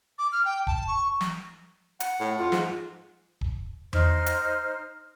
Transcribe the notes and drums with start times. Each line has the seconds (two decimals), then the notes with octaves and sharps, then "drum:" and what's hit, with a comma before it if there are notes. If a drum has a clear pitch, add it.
0.18 D6
0.32 F6
0.45 G5
0.67 A5, drum: kick
0.87 C#6
1.21 drum: snare
2.00 F#5, drum: hi-hat
2.20 A2
2.38 F2 F4
2.52 G#2, drum: snare
3.41 drum: kick
3.93 D#4 C5 F6, drum: tom E2
4.26 drum: hi-hat